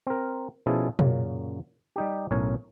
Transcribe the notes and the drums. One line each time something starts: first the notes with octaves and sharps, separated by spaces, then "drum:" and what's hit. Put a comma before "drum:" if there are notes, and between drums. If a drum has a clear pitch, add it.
C4 A#4
B2 F3 C#4 E4 G#4 A4
F#2 A#2 C#3 F#3, drum: tom B2
G3 D#4 G4
B1 A2 C#4 A#4 C#5 G#5